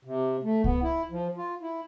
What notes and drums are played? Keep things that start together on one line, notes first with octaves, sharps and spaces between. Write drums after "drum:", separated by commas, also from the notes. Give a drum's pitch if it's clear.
C3
A3
B3, drum: kick C2
E4
F3
F4
E4